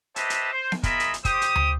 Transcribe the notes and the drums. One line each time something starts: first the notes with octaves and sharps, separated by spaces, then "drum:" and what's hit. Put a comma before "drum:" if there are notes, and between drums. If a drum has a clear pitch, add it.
G4 B4 C5 D#5 E5 A5, drum: hi-hat
drum: hi-hat
C5
drum: snare B3
F4 G#4 A#4 D#5 E5 B5, drum: kick, hi-hat
drum: hi-hat
drum: hi-hat
G4 C5 D#6, drum: kick, hi-hat
drum: hi-hat
drum: tom D2